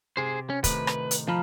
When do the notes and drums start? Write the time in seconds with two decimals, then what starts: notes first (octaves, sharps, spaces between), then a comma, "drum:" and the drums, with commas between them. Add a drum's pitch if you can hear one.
0.17 C3 G#4 C5
0.50 C#4
0.64 A2 C3 D#3 B4, drum: kick, hi-hat
0.87 drum: rim click
1.11 drum: hi-hat
1.28 F3 A#5 B5 F6